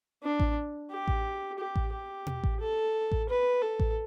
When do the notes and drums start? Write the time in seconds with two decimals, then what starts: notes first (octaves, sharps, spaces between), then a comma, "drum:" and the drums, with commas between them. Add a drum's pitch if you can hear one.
0.23 D4
0.40 drum: kick A1
0.90 G4
1.08 drum: kick A1
1.59 G4
1.76 drum: kick A1
1.92 G4
2.27 drum: tom B2
2.44 drum: kick A1
2.61 A4
3.12 drum: kick A1
3.29 B4
3.62 A4
3.80 drum: kick A1